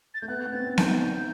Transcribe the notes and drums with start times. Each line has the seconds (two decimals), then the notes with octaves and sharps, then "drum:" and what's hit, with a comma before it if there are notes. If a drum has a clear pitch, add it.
0.14 A6
0.21 A3 G6
0.28 B3 F#6
0.45 B3
0.52 C4 A6
0.66 C4
0.78 D#4 G6, drum: snare B3
1.02 D#4